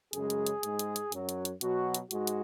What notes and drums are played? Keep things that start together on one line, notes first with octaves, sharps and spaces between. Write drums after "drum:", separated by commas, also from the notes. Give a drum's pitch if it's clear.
F#2 C#3 G#3 G#4, drum: hi-hat
drum: hi-hat
drum: hi-hat
G#2 G#3, drum: hi-hat
drum: hi-hat
drum: hi-hat
F#2 F#3, drum: hi-hat
drum: hi-hat
drum: hi-hat
B2 F#3 F#4, drum: hi-hat
drum: hi-hat
G#2 G#3 F#4, drum: hi-hat
drum: hi-hat